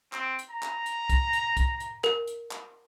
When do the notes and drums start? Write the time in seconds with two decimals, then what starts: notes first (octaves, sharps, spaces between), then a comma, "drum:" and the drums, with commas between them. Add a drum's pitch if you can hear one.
0.13 C4, drum: clap
0.39 drum: hi-hat
0.51 A#5
0.62 drum: clap
0.86 drum: hi-hat
1.10 drum: kick, hi-hat
1.33 drum: hi-hat
1.57 drum: kick, hi-hat
1.80 drum: hi-hat
2.04 A#4, drum: clap
2.27 drum: hi-hat
2.51 drum: clap